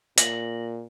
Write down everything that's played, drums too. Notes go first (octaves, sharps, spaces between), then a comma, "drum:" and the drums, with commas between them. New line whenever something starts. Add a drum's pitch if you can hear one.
A#2 A#6 F#7, drum: hi-hat